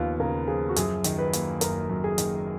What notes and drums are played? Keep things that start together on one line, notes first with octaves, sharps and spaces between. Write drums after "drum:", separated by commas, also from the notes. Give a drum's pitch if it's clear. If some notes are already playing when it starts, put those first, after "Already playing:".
Already playing: D#2 C#3 F3 B3 F4
C#3 A#4
F3 G#4
F#4
F#2 G#4, drum: hi-hat
D#3, drum: hi-hat
B4
A#3, drum: hi-hat
F#1 A#4, drum: hi-hat
F#2
G#4
D#3, drum: hi-hat